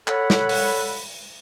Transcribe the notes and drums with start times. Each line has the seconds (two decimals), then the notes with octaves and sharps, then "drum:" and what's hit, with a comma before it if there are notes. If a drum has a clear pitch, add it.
0.08 A4 C#5 F#5 B5, drum: clap
0.30 drum: snare
0.49 drum: open hi-hat